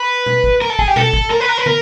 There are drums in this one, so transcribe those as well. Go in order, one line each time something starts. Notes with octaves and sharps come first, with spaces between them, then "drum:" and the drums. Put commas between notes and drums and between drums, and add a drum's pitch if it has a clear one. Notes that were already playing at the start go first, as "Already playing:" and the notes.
Already playing: B4
drum: tom B2
drum: kick
A#4
A4
G#4, drum: kick
G4
A4, drum: tom B2
drum: kick
A#4
B4
A#4
B4
A#4, drum: tom